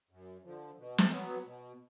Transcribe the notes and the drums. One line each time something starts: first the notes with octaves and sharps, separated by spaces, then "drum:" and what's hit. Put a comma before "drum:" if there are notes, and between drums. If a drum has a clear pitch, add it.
F#2
D3 F3
B2
drum: snare
F#3 B3
B2